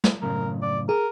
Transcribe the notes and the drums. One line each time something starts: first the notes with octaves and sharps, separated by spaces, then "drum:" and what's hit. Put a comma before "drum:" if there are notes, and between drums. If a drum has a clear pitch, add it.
drum: snare
F#2 A2 C#3 A#4
D5
G#4 A#4